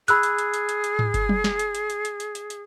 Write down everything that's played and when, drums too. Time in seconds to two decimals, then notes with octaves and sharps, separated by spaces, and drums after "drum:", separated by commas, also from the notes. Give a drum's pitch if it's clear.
0.08 G#4 B5 E6 F#6, drum: hi-hat
0.23 drum: hi-hat
0.38 drum: hi-hat
0.54 drum: hi-hat
0.69 drum: hi-hat
0.84 drum: hi-hat
0.99 drum: tom G#2
1.14 drum: kick G1, hi-hat
1.29 drum: tom F#3
1.44 drum: snare
1.59 drum: hi-hat
1.75 drum: hi-hat
1.90 drum: hi-hat
2.05 drum: hi-hat
2.20 drum: hi-hat
2.35 drum: hi-hat
2.50 drum: hi-hat